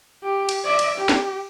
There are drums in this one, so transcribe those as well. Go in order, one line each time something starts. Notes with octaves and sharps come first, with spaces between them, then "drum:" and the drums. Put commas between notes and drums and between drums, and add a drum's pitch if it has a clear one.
G4
drum: cymbal
D5 E5
drum: cymbal
G4
drum: snare